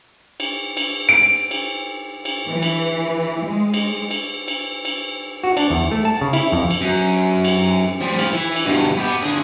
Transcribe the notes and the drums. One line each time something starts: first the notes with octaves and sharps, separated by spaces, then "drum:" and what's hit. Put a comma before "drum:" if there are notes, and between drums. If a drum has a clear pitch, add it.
drum: cymbal
drum: cymbal
D7
drum: cymbal
drum: cymbal
E3
drum: cymbal
G#3
drum: cymbal
drum: cymbal
drum: cymbal
drum: cymbal
F#4
D4, drum: cymbal
E2
A3
A5
C#3
E4, drum: cymbal
F2
drum: cymbal
F#2
drum: cymbal
F3 G3
drum: cymbal
E3
drum: cymbal
G2 B2
B3 G4
D3 G#4